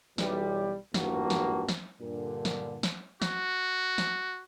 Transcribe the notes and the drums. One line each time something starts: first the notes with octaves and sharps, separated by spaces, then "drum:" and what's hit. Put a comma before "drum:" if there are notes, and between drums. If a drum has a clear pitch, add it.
B1 E3 G3, drum: snare
G#1 E2 G2 F3 A#3 F#4, drum: snare
drum: snare
drum: snare
G2 A#2 D3
drum: snare
drum: snare
F#4, drum: snare
drum: snare